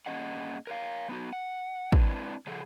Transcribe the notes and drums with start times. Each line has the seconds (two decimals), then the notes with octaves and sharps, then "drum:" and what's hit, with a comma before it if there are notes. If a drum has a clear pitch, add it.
0.06 G2 A#3 C#4 G#4 D#5 F#5
0.67 A#4 C#5 F5
1.08 F#3 B3 D#4 E4 F#4
1.33 F#5
1.92 G#3 C4 D4 E4 B4, drum: kick
2.47 C#3 F3 G#4 A4 F#5